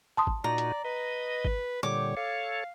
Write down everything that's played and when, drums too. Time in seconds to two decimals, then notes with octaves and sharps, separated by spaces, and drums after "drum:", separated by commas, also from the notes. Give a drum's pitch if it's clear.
0.17 A5 C6 D#6
0.27 drum: kick
0.44 A#2 D#4 F#4 D5 A#5
0.58 drum: hi-hat
0.85 B4 D#5
1.45 drum: kick
1.83 A#2 D3 G3 C#5 D6
2.17 A4 C#5 F5